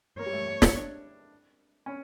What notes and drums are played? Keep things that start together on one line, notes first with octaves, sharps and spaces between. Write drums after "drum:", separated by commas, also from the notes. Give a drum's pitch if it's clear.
A#3 C#5
G3
A3
A3
D4, drum: snare
D4
C#4